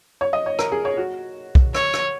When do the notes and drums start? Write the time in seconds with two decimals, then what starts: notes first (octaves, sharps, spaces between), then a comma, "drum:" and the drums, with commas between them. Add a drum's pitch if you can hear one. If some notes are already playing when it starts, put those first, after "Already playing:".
0.21 C#5
0.33 D#5
0.46 C#5
0.59 A#4, drum: rim click
0.72 G#4
0.85 C#5
0.97 F#4
1.55 drum: kick B1
1.75 C#5, drum: rim click
1.94 drum: rim click